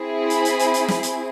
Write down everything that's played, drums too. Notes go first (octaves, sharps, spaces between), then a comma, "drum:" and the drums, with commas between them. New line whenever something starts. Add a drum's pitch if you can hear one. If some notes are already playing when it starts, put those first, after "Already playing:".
Already playing: C4 E4 G#4
B5, drum: hi-hat
drum: hi-hat
drum: hi-hat
drum: hi-hat
drum: snare
drum: hi-hat